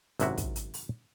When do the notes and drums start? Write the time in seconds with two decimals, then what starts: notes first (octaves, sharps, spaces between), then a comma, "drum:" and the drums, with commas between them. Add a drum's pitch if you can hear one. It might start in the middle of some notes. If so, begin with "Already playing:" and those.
0.20 G#1 F#2 C3 E4 F#4, drum: hi-hat
0.38 drum: kick, hi-hat
0.56 drum: hi-hat
0.74 drum: open hi-hat